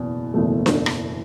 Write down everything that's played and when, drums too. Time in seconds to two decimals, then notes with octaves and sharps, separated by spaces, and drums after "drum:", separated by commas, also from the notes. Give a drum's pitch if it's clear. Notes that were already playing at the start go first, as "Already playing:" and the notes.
Already playing: F#1 E2 B2
0.34 F#1 E2 B2 A3
0.66 drum: snare
0.86 drum: rim click